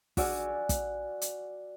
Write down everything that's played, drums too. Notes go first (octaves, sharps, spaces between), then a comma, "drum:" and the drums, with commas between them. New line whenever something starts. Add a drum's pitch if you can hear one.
F#4 D5 G#5 E6 F6, drum: kick, open hi-hat
drum: kick, hi-hat
drum: hi-hat